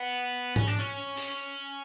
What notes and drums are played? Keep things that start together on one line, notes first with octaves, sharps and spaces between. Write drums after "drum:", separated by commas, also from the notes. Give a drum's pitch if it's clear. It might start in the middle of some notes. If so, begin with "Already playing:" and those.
Already playing: B3
C#4, drum: tom G#2
D4
C#4
drum: open hi-hat